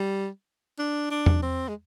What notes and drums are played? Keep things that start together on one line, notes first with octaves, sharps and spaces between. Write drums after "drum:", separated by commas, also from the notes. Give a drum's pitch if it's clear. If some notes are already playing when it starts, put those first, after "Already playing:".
Already playing: G3
D4
D4
drum: tom E2
C4
G#3